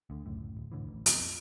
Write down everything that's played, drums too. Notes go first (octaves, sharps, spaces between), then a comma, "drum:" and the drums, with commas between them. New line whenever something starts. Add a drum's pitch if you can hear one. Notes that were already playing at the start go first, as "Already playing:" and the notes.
D2 D3
C#2 F#2 A2
D1
E1 A2 D3 E3
A1
B1 F2 B2, drum: hi-hat